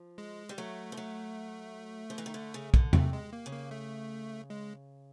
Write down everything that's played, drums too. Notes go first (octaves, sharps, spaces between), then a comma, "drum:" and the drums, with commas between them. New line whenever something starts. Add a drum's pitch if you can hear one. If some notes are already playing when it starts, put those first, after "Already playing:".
Already playing: F3
G#3
G3
F#3 A3
F3
F#3
F3
E3
D#3
D3
C#3
D3, drum: kick
C3 A3, drum: tom E2
G#3
A#3
C#3
A#3
A3
G#3